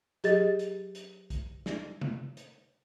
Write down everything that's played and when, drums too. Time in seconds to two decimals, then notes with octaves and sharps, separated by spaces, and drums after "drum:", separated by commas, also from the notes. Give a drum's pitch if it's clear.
0.24 F#3 G4 G#4 D#5 A6, drum: hi-hat
0.59 drum: hi-hat
0.95 drum: hi-hat
1.30 drum: kick A#1, hi-hat
1.66 drum: snare
2.01 drum: tom C3
2.37 drum: hi-hat